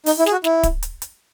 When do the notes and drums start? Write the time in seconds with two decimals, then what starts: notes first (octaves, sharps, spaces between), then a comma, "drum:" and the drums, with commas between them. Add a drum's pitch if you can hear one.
0.06 D#4, drum: open hi-hat
0.19 E4
0.26 G#4, drum: snare
0.32 F#4
0.44 E4, drum: snare
0.63 drum: kick D1, hi-hat
0.83 drum: hi-hat
1.02 drum: hi-hat